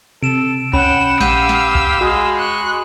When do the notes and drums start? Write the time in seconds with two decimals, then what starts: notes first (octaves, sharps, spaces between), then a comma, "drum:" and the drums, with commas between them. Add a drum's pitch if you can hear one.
0.23 C3 A4 D7 E7
0.73 C#4 F#5 G5 B5 E7, drum: kick
1.21 A#1 G4 F5 F#5 E6 G6 D#7, drum: snare
1.49 drum: snare
1.75 drum: kick
2.01 G#3 F#4 D#6
2.37 C#6 F#6